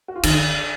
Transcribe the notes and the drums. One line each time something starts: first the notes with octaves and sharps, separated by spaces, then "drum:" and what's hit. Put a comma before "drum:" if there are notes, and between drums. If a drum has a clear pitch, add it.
F#4
F4
D#3 D#4, drum: cymbal
D3 D4